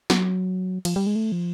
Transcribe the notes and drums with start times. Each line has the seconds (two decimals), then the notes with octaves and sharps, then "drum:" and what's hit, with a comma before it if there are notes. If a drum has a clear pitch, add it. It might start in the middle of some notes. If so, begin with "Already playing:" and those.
0.10 F#3, drum: snare
0.85 F3, drum: cymbal
0.96 G3
1.07 G#3
1.16 A3
1.32 F3